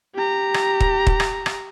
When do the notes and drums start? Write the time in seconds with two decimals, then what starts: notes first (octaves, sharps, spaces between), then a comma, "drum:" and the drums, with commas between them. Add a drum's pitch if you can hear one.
0.15 G4 A#5
0.54 drum: rim click
0.80 drum: kick
1.07 drum: kick
1.20 drum: rim click
1.46 drum: rim click